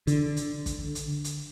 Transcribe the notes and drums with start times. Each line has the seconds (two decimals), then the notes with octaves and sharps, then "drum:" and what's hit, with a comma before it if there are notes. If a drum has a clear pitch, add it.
0.07 D3, drum: hi-hat
0.37 drum: hi-hat
0.66 drum: kick, hi-hat
0.95 drum: hi-hat
1.24 drum: hi-hat